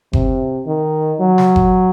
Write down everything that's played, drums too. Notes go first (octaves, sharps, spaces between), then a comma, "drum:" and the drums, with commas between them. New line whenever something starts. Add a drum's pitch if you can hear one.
C3, drum: kick F#1
D#3
F#3
drum: snare
drum: kick F#1